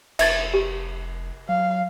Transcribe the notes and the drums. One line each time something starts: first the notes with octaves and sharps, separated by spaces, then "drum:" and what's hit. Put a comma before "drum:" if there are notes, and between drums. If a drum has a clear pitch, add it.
F1 E5 G#6 A6, drum: cymbal
G4
F#3 F5